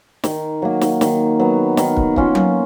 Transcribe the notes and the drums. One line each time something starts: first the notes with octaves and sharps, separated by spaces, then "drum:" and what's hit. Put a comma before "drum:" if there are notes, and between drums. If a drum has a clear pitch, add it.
D#3, drum: snare
F#3 A#3
drum: snare
D#3, drum: snare
F#3 B3
D#3, drum: snare
drum: kick
A#3 C#4 F4, drum: kick
drum: tom F#3